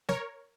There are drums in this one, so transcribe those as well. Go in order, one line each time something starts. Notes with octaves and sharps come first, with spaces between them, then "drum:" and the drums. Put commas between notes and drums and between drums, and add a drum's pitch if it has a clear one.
A#4 C#5, drum: snare